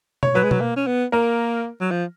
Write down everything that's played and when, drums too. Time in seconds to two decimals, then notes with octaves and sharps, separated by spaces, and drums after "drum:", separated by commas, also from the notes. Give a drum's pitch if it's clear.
0.23 C#5, drum: tom B2
0.35 F#3 B4
0.43 G#3
0.51 F#3, drum: tom B2
0.61 A#3
0.76 C#4
0.87 B3
1.12 A#3 A#4
1.80 F#3
1.91 F3